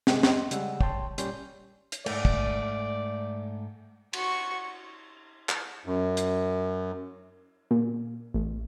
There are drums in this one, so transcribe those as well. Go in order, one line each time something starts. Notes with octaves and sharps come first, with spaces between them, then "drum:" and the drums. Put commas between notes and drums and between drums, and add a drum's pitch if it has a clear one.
C3 G#3 A#3, drum: snare
D#5 C6, drum: snare
C#3 G3 G#3 F#5 E6, drum: hi-hat
C#5 G5 A5 C6, drum: kick
A#2 G3 C#4 D5 C6 G6, drum: hi-hat
drum: hi-hat
G#2 A3 D5, drum: cymbal
drum: kick
F#4 C#6, drum: cymbal
drum: clap
F#2
drum: hi-hat
A#2
A1